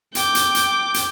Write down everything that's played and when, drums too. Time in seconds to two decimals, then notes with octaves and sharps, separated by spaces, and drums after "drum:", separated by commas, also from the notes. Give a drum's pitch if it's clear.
0.15 G5 D6, drum: hi-hat
0.35 drum: hi-hat
0.55 drum: hi-hat
0.94 drum: hi-hat